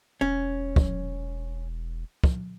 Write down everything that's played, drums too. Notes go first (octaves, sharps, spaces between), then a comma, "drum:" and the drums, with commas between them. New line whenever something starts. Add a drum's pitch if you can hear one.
E1 C#4
drum: kick
drum: kick